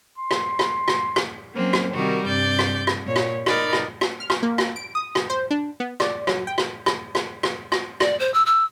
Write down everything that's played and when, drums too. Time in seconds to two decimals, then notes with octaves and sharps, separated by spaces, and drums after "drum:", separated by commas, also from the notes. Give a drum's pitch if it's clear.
0.18 C6
0.31 drum: rim click
0.59 drum: rim click
0.88 drum: rim click
1.16 drum: rim click
1.54 F#3 A#3 C4 C#4
1.73 drum: rim click
1.94 C3 D#3 G3 F#4 A#4
2.25 G2 C3 D5 G6
2.59 drum: rim click
2.87 drum: rim click
3.06 A#2 C#5
3.16 drum: rim click
3.46 D#4 A#4 D5 B5, drum: rim click
3.73 drum: rim click
4.01 drum: rim click
4.20 F6
4.30 drum: rim click
4.43 A#3
4.58 drum: rim click
4.76 D7
4.95 D#6
5.15 drum: rim click
5.30 C5
5.51 D4
5.80 B3
6.00 D5, drum: rim click
6.27 F#3, drum: rim click
6.47 G5
6.58 drum: rim click
6.86 drum: rim click
7.15 drum: rim click
7.43 drum: rim click
7.72 drum: rim click
8.00 D5, drum: rim click
8.19 C5
8.34 E6
8.46 E6